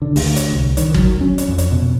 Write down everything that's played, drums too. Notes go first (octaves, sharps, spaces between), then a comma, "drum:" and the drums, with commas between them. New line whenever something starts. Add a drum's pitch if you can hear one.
D3
D2, drum: open hi-hat
drum: hi-hat
C2
D#3, drum: hi-hat
F#3, drum: kick
C#4
drum: hi-hat
F2
drum: hi-hat
B2